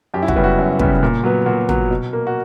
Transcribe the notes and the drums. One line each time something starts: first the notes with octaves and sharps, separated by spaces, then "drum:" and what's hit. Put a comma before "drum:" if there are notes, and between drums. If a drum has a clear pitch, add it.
F#2 G4
E4
F#4, drum: kick
C#3 G3 B3
F#4
F#2
C#3 G3 B3, drum: kick
A#2
F#3 B3
A#2 F#4
F#3 B3, drum: tom
B2
A#3
F#4